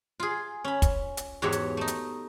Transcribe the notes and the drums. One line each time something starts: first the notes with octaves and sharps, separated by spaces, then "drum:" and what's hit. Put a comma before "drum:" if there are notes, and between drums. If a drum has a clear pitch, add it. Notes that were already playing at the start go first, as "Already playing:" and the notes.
F4 G#4
C#4 B5
drum: kick, hi-hat
drum: hi-hat
E2 G#2 F#4 G4 C#5 E5
drum: hi-hat
A3 D#4
drum: hi-hat